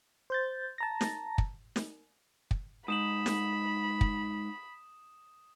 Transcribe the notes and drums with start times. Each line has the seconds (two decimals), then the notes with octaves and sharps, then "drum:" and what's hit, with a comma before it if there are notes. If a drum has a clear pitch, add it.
0.30 C5 G6 A6
0.78 A5 A#5 A#6
1.01 drum: snare
1.38 drum: kick
1.76 drum: snare
2.51 drum: kick
2.88 G#2 B5 D#6 E7 F#7
3.26 drum: snare
4.01 drum: kick